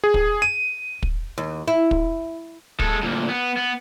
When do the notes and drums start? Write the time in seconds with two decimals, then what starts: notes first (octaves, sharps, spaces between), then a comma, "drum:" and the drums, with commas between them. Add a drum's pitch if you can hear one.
0.04 G#4
0.14 drum: kick
0.42 D#7
1.03 drum: kick
1.38 D#2
1.68 E4
1.91 drum: kick
2.80 G#3 A4, drum: kick
3.03 D2 A#2
3.29 B3
3.57 B3